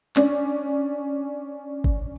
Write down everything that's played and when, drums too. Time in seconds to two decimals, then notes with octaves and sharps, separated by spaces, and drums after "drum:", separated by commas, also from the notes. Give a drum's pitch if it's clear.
0.16 C#4 D4 D5, drum: clap
1.84 drum: kick G#1